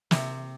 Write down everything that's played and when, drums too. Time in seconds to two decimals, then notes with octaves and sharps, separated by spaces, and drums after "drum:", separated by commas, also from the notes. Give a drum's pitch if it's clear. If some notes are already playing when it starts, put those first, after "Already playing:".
0.11 C3, drum: snare